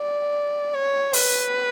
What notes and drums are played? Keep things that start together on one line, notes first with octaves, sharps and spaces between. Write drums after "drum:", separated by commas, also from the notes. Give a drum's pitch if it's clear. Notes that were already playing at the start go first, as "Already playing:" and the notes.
Already playing: D5
C#5
B4, drum: open hi-hat